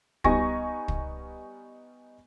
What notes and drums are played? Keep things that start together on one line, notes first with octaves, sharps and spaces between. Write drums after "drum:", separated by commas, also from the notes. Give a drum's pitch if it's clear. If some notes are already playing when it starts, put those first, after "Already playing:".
G3 B3 D#4 G#5 C#6 A#6, drum: kick
drum: kick